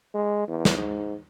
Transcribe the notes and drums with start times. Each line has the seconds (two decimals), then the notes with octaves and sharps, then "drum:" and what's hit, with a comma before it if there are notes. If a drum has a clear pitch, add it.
0.15 G#3
0.48 E2
0.65 drum: snare
0.77 G#2